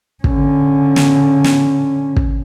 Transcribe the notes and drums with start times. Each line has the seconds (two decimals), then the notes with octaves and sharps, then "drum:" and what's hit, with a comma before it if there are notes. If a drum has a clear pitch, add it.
0.24 D3 C#4, drum: kick
0.96 drum: snare
1.44 drum: snare
2.16 drum: kick